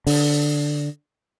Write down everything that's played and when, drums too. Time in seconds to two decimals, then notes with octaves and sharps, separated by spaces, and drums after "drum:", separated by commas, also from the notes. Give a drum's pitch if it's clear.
0.07 D3, drum: open hi-hat